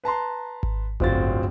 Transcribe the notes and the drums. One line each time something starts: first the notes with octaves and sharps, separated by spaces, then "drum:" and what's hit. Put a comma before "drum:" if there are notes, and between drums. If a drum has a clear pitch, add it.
B4 A5 A#5 C6
drum: kick G#1
D1 G1 C4 F4 F#4 A6, drum: kick G#1